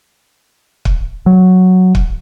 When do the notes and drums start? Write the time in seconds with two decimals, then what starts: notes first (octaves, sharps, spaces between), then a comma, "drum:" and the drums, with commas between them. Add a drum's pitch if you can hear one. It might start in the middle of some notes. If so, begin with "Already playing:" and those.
0.85 drum: kick
1.26 F#3
1.95 drum: kick